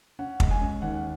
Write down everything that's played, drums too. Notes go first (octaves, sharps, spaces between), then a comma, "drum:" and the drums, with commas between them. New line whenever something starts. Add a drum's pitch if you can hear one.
C#4 F#5
G#3, drum: kick
G#5
C#4
D#2 F#5